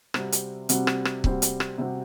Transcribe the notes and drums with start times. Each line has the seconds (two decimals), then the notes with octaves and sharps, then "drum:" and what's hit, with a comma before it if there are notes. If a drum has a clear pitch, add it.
0.14 C3 G3 C4 F#4, drum: rim click
0.32 drum: hi-hat
0.69 C3 G3 C4 F#4, drum: hi-hat
0.87 drum: rim click
1.05 drum: rim click
1.24 C3 G3 C4 F#4, drum: kick C#1
1.42 drum: hi-hat
1.60 drum: rim click
1.78 C3 G3 C4 F#4